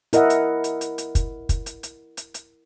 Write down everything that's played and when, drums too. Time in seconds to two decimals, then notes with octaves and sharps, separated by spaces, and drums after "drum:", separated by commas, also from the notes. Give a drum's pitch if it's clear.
0.13 E4 A#4 D#5 E5 F#5, drum: hi-hat
0.30 drum: hi-hat
0.64 drum: hi-hat
0.81 drum: hi-hat
0.98 drum: hi-hat
1.15 drum: kick, hi-hat
1.49 drum: kick, hi-hat
1.66 drum: hi-hat
1.83 drum: hi-hat
2.17 drum: hi-hat
2.34 drum: hi-hat